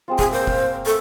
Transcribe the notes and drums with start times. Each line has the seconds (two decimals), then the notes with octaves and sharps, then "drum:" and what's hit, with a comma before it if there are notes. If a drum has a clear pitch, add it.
0.08 G#3 C4 F4
0.19 G#4 E5, drum: kick
0.32 A#3 C5
0.47 F5, drum: kick
0.86 A4